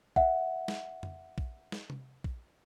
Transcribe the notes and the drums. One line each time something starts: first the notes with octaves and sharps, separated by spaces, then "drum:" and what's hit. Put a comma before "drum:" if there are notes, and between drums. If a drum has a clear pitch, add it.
E5 F#5, drum: kick A#1
drum: snare
drum: tom F2
drum: kick A#1
drum: snare
drum: tom C3
drum: kick A#1